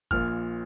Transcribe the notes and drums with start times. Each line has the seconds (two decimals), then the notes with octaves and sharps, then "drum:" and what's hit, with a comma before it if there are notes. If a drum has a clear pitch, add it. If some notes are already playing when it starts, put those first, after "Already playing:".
0.11 A#1 A#2 F6, drum: kick